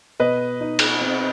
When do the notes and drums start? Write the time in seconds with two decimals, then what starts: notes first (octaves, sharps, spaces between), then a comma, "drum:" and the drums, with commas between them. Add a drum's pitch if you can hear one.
0.20 B2 B4 D#5
0.61 D#4
0.79 drum: cymbal
1.01 C4